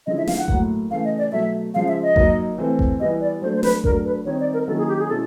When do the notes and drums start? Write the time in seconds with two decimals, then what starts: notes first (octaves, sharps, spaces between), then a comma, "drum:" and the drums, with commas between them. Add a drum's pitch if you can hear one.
0.06 D3 F3 G#3 C#4 E4 D#5
0.17 E5
0.27 F5, drum: snare
0.38 F#5
0.48 A2 F#3 A#3, drum: kick G1
0.90 C#3 E3 A3 F5
1.05 D#5
1.18 D5
1.32 B2 F#3 A3 E5
1.74 C#3 F3 G#3 F5
1.88 E5
2.02 D#5
2.16 F#3 A#3 D#4, drum: kick G1
2.58 E3 A3 C4
2.79 drum: kick G1
3.00 E3 G3 B3 E4 D#5
3.21 D5
3.42 F#3 A3 D4 C5
3.55 C5
3.63 B4, drum: snare
3.84 F#3 A3 D4 A#4, drum: kick G1
4.05 B4
4.25 D#3 G3 C4 D#4 C#5
4.40 D5
4.54 A#4
4.67 D#3 F#3 A#3 C#4 E4 A4
4.78 G#4
4.88 G4
4.99 G#4
5.09 B2 G#3 C#4 E4 A4